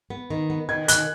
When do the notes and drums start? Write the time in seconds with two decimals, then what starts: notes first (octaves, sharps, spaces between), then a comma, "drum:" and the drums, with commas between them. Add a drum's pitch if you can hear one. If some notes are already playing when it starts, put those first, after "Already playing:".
0.10 B3
0.30 D#3
0.50 B3
0.69 D#3 G#6
0.88 D#3 F#6, drum: hi-hat